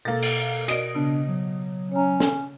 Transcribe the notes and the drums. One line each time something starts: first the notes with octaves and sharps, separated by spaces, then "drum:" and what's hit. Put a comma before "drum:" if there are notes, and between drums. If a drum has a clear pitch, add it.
B2 A#3 A4 A6
drum: cymbal
F#4 A#4 D5 D#5 D7, drum: hi-hat
C#3 B3 D4
F#3
C#4 C#5 A#5
drum: snare